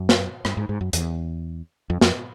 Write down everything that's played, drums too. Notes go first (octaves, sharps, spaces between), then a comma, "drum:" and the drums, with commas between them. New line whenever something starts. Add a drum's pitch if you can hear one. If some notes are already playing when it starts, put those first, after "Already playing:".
Already playing: F#2
drum: snare
G2, drum: rim click
G#2
G#2
F#2
E2, drum: hi-hat
F2
F2, drum: snare